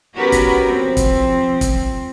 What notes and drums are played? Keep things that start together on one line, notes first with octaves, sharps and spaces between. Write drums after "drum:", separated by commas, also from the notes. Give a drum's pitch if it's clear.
B3 C#4 F#4 G4 A#4 B4
drum: kick, hi-hat
F3 C4
drum: kick, hi-hat
drum: kick, hi-hat